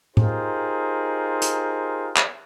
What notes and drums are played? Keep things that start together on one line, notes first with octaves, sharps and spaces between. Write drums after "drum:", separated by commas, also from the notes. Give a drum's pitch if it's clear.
D#4 F4 G4 G#4 A#4 C5, drum: tom A2
drum: hi-hat
drum: clap